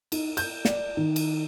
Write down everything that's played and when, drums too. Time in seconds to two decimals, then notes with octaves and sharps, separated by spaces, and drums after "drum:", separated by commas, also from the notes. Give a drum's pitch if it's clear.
0.12 D#4, drum: cymbal
0.37 G6, drum: cymbal
0.65 D5, drum: snare
0.97 D#3
1.16 drum: cymbal